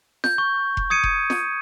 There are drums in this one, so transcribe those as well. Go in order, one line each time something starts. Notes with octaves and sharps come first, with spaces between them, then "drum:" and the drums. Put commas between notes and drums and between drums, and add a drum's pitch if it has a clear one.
G6, drum: snare
C#6
drum: kick F1
D#6 G#6 C#7 D#7
drum: kick F1
drum: snare